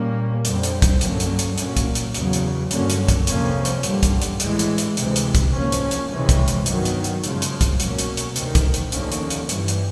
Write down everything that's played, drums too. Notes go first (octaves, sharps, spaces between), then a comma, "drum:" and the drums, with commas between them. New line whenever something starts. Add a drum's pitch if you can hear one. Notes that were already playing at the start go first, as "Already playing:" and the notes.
Already playing: A#2 G3 A#3 C#4
F2 D3 G3 C4, drum: hi-hat
drum: hi-hat
drum: kick, hi-hat
G2 D3 F#3 A#3 C#4, drum: hi-hat
drum: hi-hat
drum: hi-hat
A#2 F#3 A#3 C#4, drum: hi-hat
drum: kick, hi-hat
drum: hi-hat
E2 C#3 F#3, drum: hi-hat
drum: hi-hat
G2 D3 F#3 A#3 C#4, drum: hi-hat
drum: hi-hat
drum: kick, hi-hat
F2 C3 F3 A#3 C#4, drum: hi-hat
drum: hi-hat
G2 D3 G3, drum: hi-hat
drum: kick, hi-hat
drum: hi-hat
A2 E3 G#3, drum: hi-hat
drum: hi-hat
drum: hi-hat
D2 C3 E3 G#3, drum: hi-hat
drum: hi-hat
drum: kick, hi-hat
G#2 F3 A#3 C#4
drum: hi-hat
drum: hi-hat
F2 C3 E3 G#3 C#4
drum: kick, hi-hat
drum: hi-hat
G2 D#3 F#3 B3, drum: hi-hat
drum: hi-hat
drum: hi-hat
F#2 C#3 F3 G#3, drum: hi-hat
drum: hi-hat
drum: kick, hi-hat
B2 F#3 A#3 C#4, drum: hi-hat
drum: hi-hat
drum: hi-hat
D2 C3 D#3, drum: hi-hat
drum: kick, hi-hat
drum: hi-hat
D#2 D3 F3 A#3 C#4, drum: hi-hat
drum: hi-hat
drum: hi-hat
G2 E3 G3, drum: hi-hat
drum: hi-hat